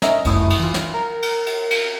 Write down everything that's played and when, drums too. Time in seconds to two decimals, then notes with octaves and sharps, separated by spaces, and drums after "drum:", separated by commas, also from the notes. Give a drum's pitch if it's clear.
0.02 C#4 A#4 D#5 E5, drum: snare
0.25 G1 C#2 F#2 A3 E4 D#6, drum: cymbal
0.50 drum: cymbal
0.60 E3 F4
0.74 drum: snare
0.94 A#4
1.22 drum: cymbal
1.46 drum: cymbal
1.70 drum: cymbal